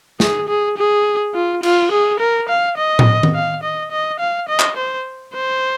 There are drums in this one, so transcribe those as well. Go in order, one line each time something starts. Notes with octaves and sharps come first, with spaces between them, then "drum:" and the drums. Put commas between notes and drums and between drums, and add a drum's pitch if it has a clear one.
G#4, drum: snare
G#4
G#4
F4
F4, drum: cymbal
G#4
A#4
F5
D#5
drum: tom A2
drum: tom D#3
F5
D#5
D#5
F5
D#5
drum: clap
C5
C5